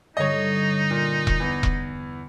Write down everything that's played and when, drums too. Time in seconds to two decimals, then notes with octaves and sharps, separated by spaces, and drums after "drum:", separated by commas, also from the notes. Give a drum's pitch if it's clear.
0.17 G2 D3 G3 D#4 C#5 D#5
0.91 A#2
1.27 drum: kick E1
1.40 E2 E3
1.63 drum: kick E1